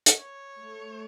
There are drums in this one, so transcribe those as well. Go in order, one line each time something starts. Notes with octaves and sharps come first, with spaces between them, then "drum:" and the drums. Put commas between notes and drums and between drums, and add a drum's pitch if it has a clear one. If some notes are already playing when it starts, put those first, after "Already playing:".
drum: hi-hat
C#5
A3